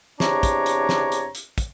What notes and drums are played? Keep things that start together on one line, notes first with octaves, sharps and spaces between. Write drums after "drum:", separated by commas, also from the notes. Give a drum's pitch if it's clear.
E2 C3 D4 C#5 A#5, drum: snare
drum: kick, hi-hat
drum: hi-hat
drum: snare
drum: hi-hat
drum: hi-hat
drum: kick, hi-hat